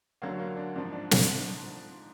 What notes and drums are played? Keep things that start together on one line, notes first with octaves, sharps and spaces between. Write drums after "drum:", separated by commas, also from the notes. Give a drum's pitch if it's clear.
D2 D3 F#3 A#3
A#3
D4
G#2 F3 D4
D4
D4, drum: snare